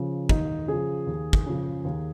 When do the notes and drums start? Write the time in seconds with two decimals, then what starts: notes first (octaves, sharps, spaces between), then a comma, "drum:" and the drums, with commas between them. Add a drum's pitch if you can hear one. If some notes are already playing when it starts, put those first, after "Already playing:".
Already playing: C#3 F3
0.29 D#2 D#4, drum: kick
0.68 C#3 F3 G#4
1.07 D#2
1.33 drum: kick
1.46 C#3 F3
1.85 D#2